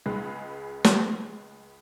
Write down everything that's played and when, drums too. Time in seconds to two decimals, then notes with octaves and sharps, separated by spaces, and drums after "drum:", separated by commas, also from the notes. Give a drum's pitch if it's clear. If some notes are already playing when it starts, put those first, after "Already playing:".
0.06 C#2 G#3 B4
0.84 drum: snare